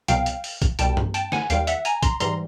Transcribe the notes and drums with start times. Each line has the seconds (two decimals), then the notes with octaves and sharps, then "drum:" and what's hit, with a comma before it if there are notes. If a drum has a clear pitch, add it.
0.08 C2 B2 F#3 F5 G5, drum: hi-hat
0.26 drum: hi-hat
0.44 drum: open hi-hat
0.62 drum: kick, hi-hat
0.79 C2 B2 G3 G5 A5, drum: hi-hat
0.97 drum: tom G2
1.14 G5 A5, drum: hi-hat
1.32 F#5 G#5, drum: snare
1.50 D#2 D#3 G3 F5 G5, drum: hi-hat
1.67 E5 F#5, drum: hi-hat
1.85 G#5 A#5, drum: hi-hat
2.03 A#5 C6, drum: kick, hi-hat
2.20 G#2 E3 G3 A#5 C6, drum: hi-hat